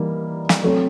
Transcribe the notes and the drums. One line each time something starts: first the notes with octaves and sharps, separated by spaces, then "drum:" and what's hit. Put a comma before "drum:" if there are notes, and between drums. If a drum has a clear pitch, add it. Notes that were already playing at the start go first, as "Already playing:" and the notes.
Already playing: E3 G3 A#3 D#4
drum: snare
F#3 A3 C4